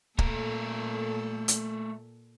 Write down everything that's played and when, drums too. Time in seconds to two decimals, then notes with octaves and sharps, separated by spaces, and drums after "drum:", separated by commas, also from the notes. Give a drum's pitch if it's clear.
0.19 A#2 A3 A4 A#4, drum: kick
1.48 drum: hi-hat